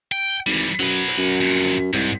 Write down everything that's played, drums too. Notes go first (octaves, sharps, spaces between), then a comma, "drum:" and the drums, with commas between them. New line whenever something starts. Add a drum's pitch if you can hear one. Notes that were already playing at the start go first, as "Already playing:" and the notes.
G5
G#1 E3 G3
F#2 F#3 B4, drum: hi-hat
drum: hi-hat
F#2
F2 A#2
drum: hi-hat
C2 G#2, drum: hi-hat